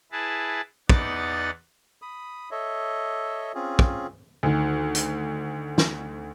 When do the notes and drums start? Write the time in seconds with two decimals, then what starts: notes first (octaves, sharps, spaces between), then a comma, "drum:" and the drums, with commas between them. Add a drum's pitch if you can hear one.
0.12 E4 G#4 B4 A5
0.89 E2 B3 D#4 D5 F#5 A6, drum: kick
2.02 B5 D#6
2.51 A4 C#5 D#5 E5
3.55 C4 C#4 F4 G#4
3.79 drum: kick
4.43 D2 D#3
4.95 drum: hi-hat
5.78 drum: snare